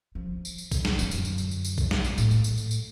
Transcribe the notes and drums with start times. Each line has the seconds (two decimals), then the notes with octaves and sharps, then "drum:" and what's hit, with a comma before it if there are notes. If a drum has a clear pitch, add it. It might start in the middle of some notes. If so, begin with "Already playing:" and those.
0.15 F3
0.45 drum: tambourine
0.58 drum: tambourine
0.72 drum: kick A#1, tambourine
0.85 drum: snare
0.99 F#2 D3, drum: tambourine
1.11 drum: tambourine
1.25 drum: tambourine
1.38 drum: tambourine
1.51 drum: tambourine
1.65 drum: tambourine
1.78 drum: kick A#1, tambourine
1.91 drum: snare
2.04 drum: tambourine
2.18 A2, drum: tambourine
2.31 drum: tambourine
2.44 drum: tambourine
2.58 drum: tambourine
2.71 drum: tambourine